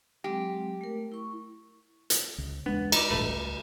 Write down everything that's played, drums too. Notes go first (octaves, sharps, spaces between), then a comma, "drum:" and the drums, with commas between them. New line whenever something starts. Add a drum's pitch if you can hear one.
F#3 G#3 C4 G4
A3 A#4
E4 C#6
drum: hi-hat
C#2
E2 G#3 B3 D4
D#4 B4 D5, drum: cymbal
E1 A1 G2 A3 B4
C#2